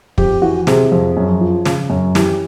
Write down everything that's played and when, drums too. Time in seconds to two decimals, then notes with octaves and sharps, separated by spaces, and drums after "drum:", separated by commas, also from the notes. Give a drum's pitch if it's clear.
0.18 F2 G4, drum: kick
0.42 E3 F#4
0.67 C3 G#4, drum: snare
0.92 F2
1.17 F#2
1.41 F3
1.65 C#3, drum: snare
1.90 F#2
2.15 E3 G4, drum: snare